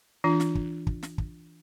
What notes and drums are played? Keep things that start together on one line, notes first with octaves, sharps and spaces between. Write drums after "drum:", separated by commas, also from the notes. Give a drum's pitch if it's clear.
E3 D4 F4
drum: snare
drum: kick
drum: kick
drum: snare
drum: kick